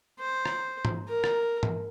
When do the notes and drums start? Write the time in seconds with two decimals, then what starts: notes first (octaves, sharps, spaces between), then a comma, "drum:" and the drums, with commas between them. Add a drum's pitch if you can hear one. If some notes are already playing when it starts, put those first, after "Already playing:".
0.19 C5
0.46 drum: rim click
0.85 drum: tom
1.08 A#4
1.24 drum: rim click
1.63 drum: tom